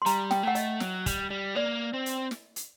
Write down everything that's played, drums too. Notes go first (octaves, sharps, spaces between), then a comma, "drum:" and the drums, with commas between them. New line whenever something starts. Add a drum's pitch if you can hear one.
C6
G3 A#5, drum: hi-hat
G5, drum: snare
A3 F#5
D#5, drum: hi-hat
F#3, drum: snare
G3, drum: kick, hi-hat
G3
A#3 D5
C4
drum: hi-hat
drum: snare
drum: hi-hat